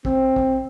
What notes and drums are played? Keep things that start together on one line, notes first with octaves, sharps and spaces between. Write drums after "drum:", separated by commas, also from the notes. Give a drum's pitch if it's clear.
C4, drum: kick
drum: kick